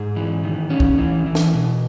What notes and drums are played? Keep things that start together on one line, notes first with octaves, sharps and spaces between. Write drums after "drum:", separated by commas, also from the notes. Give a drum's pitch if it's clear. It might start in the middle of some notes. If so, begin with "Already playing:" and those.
Already playing: G#2 G#4
E3
D#3
C#4
drum: kick
E3
E3
drum: snare
B2